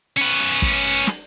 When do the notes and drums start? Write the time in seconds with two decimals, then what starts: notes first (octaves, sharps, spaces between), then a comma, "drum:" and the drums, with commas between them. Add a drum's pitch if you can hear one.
0.17 C#4 B4
0.40 drum: hi-hat
0.62 drum: kick
0.85 drum: hi-hat
1.07 drum: snare